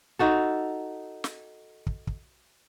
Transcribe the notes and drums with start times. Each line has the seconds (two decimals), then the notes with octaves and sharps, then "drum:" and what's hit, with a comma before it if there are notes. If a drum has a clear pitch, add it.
0.19 D#4 F#4 A4
1.24 drum: snare
1.87 drum: kick
2.07 drum: kick